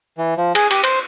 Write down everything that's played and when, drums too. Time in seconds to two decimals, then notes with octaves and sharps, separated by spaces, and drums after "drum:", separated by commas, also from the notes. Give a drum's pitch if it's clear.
0.18 E3
0.37 F3
0.55 G#4, drum: cymbal
0.71 G4, drum: cymbal
0.84 C5, drum: cymbal